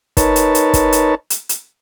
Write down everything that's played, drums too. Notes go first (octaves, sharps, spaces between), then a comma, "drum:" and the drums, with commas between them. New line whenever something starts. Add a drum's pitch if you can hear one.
D#4 A#4 B4 C#5 A5, drum: kick, hi-hat
drum: hi-hat
drum: hi-hat
drum: kick, hi-hat
drum: hi-hat
drum: hi-hat
drum: hi-hat